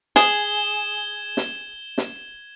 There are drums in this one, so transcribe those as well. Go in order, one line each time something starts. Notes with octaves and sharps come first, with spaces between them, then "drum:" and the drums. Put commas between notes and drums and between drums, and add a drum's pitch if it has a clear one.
G#4 G#6 E7 G7, drum: snare
drum: snare
drum: snare